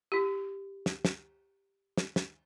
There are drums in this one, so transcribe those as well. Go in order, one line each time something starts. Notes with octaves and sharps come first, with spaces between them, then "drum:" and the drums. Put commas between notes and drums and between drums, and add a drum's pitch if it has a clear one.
E4 G4
drum: snare
drum: snare
drum: snare
drum: snare